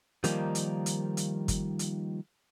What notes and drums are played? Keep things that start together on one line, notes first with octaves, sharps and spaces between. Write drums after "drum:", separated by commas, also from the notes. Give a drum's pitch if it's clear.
D#3 F3 G3 A#3 D#4, drum: hi-hat
drum: hi-hat
drum: hi-hat
drum: hi-hat
drum: kick, hi-hat
drum: hi-hat